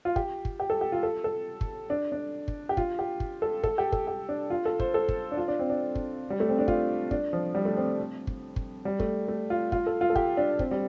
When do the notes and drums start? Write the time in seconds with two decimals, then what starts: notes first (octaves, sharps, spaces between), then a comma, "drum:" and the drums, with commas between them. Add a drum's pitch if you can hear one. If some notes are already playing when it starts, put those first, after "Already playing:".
0.05 F4
0.16 G4, drum: kick
0.45 drum: kick
0.60 G4
0.70 A4
0.81 G4
0.92 F4
1.03 A4
1.24 A4
1.61 drum: kick
1.90 D4
2.12 D4
2.48 drum: kick
2.69 G4
2.77 F4, drum: kick
2.99 G4
3.20 drum: kick
3.42 A4
3.63 A4, drum: kick
3.78 G4
3.92 A4, drum: kick
4.07 G4
4.29 D4
4.50 F4
4.65 A4
4.80 C5, drum: kick
4.94 A4
5.08 drum: kick
5.32 D4
5.37 F4
5.48 D4
5.59 C4
5.70 D4
5.95 drum: kick
6.30 G3
6.40 A3
6.49 C4
6.59 D4
6.68 F4, drum: kick
7.11 D4, drum: kick
7.33 F3
7.55 G3
7.65 A3
7.77 C4
8.27 drum: kick
8.56 drum: kick
8.85 G3
9.00 A3, drum: kick
9.28 A3
9.50 F4
9.72 F4, drum: kick
9.86 A4
10.01 F4
10.10 A4
10.16 G4, drum: kick
10.37 D4
10.59 C4, drum: kick
10.71 G3